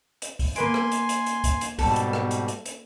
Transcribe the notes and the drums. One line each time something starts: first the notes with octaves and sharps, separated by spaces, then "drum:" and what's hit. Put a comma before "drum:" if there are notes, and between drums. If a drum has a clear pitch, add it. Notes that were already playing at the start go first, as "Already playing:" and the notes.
drum: hi-hat
drum: kick C#2, open hi-hat
A#3 B4 G#5 C6 D7, drum: hi-hat
drum: rim click
drum: hi-hat
drum: hi-hat
drum: hi-hat
drum: kick C#2, hi-hat
drum: hi-hat
G#2 B2 G3 A4, drum: kick C#2, open hi-hat
drum: hi-hat
drum: rim click
drum: hi-hat
drum: hi-hat
drum: hi-hat